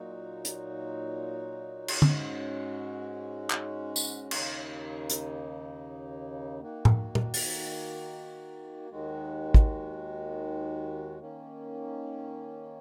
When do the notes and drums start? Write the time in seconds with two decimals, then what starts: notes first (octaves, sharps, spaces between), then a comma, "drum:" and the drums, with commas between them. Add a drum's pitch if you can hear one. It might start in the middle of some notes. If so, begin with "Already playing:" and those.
Already playing: A#2 F#3 D#4 F#4
0.45 drum: hi-hat
1.88 drum: cymbal
2.02 G#2 G#3 C#4 F#4, drum: tom
3.50 drum: clap
3.96 drum: tambourine
4.31 D#2 C#3 A#3 D#4, drum: cymbal
5.10 drum: hi-hat
6.60 D#3 A#3 F#4
6.85 drum: tom A2
7.15 drum: tom
7.34 drum: open hi-hat
8.90 D#2 D#3 G#3 F#4
9.54 drum: kick
11.19 D#3 A#3 C#4